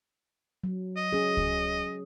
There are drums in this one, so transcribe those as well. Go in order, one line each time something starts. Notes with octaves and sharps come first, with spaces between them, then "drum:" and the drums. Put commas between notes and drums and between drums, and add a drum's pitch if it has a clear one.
F#3
D#5
C#4 G#4
drum: kick C#2